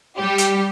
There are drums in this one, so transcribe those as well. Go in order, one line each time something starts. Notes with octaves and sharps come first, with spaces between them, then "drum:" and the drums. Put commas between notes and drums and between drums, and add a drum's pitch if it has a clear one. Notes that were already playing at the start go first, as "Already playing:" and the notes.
G3 G4
drum: hi-hat